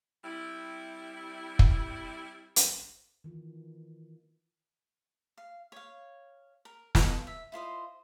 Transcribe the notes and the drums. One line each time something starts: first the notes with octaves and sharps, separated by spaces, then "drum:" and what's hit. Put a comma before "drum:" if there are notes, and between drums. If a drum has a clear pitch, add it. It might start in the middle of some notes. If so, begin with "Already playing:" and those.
G3 C4 E4
drum: kick
drum: hi-hat
D#3 E3 F4
F5
C#5 F5
A#4
F4 A4, drum: snare
E5
E4 F4 C5 D#5